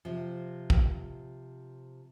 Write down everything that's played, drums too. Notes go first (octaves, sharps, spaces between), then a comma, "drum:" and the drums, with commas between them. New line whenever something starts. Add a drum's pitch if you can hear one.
C3 F3
drum: kick